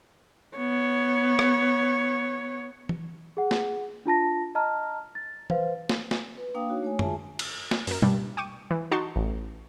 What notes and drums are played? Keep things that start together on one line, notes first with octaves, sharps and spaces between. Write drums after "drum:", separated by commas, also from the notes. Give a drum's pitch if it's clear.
B3 C#5
drum: rim click
drum: tom E3
G#4 F#5
drum: snare
D4 F4 A5 A#6
D#5 A5 A#5 F6
A6
B4 C5 F5, drum: tom E3
drum: snare
drum: snare
B4
A#3 D4 F5 G5 D#6
D4 D#4 F#4 C#5
A3 C#5 G#5
F4 G#4 E5 G#5 A5, drum: tom
drum: cymbal
drum: snare
F#2 A#4, drum: open hi-hat
G2 G3 D4, drum: tom B2
G5 C#6 D6 D#7
E3
D#4 F#4 A5 C6 C#6
A1